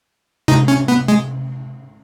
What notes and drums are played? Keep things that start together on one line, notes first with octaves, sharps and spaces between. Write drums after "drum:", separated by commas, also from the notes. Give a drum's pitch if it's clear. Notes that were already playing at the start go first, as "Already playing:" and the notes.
D#4, drum: tom C3
C#4
B3
G#3